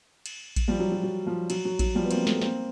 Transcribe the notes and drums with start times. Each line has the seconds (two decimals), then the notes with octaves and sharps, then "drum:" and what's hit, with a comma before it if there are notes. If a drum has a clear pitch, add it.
0.26 drum: cymbal
0.56 drum: kick A1, cymbal
0.68 F3 G3
0.80 F#3
0.92 F#3
1.03 F#3
1.27 F3
1.50 F#3, drum: cymbal
1.65 F#3
1.79 F#3, drum: kick A1, cymbal
1.95 F3 G3
2.04 B3
2.11 A#3 C4, drum: cymbal
2.27 A3 B3, drum: snare
2.42 A#3 C4, drum: snare